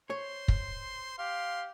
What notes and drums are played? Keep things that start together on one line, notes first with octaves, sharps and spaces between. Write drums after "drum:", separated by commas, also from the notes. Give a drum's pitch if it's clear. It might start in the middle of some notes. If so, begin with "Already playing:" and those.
C5 C#5 C6
drum: kick
G4 F5 C6